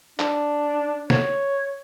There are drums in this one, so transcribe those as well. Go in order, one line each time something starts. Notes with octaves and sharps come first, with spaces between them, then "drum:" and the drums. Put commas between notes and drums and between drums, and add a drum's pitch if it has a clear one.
D4, drum: clap
C#5, drum: snare